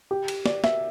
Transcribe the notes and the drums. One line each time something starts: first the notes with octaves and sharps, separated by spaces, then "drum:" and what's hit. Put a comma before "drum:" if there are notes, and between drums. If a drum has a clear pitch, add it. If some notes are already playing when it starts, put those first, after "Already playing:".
G4
drum: cymbal
D5, drum: snare
E5, drum: snare